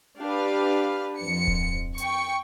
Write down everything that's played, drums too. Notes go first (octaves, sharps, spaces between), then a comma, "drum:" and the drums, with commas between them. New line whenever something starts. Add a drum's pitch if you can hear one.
D4 G4 B4 F5
F2 C#7
drum: kick D1
G5 C#6 C#7, drum: hi-hat